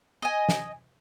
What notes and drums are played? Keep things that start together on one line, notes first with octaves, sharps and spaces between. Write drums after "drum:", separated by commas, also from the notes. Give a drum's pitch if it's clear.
D#5 G#5
drum: snare